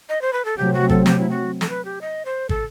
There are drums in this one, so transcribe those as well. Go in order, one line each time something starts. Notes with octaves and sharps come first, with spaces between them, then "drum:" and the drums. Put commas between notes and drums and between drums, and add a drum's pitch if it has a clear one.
D#5
C5
B4
A4
C3 F#3 A3 C4 G4
F#4
A4, drum: kick
G4, drum: snare
E4
F#4
A4, drum: snare
B4
G4
D#5
C5
A4, drum: kick